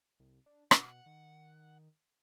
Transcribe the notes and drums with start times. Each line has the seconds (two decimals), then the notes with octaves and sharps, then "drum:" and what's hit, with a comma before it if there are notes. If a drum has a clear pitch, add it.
0.20 C2
0.46 D4
0.71 B2 F#5, drum: rim click
1.06 D#3